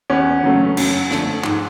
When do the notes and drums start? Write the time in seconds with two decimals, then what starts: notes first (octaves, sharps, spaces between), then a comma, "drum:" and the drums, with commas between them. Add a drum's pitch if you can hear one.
0.10 E2 B3 C#4
0.44 C#3 F#3 A3
0.77 F#2, drum: cymbal
1.11 D3 F3 A3, drum: snare
1.44 G#2, drum: clap